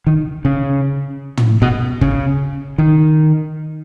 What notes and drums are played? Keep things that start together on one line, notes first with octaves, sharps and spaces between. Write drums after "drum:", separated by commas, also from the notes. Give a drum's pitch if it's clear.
D#3
C#3
drum: tom
B2
C#3, drum: kick
D#3